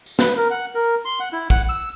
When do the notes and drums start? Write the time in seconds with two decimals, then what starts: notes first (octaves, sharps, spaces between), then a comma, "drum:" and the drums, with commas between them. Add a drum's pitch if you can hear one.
0.06 drum: tambourine
0.19 B4, drum: snare
0.37 A#4
0.51 F#5
0.75 A#4
1.05 C6
1.20 F#5
1.32 E4
1.50 F#5, drum: kick
1.69 E6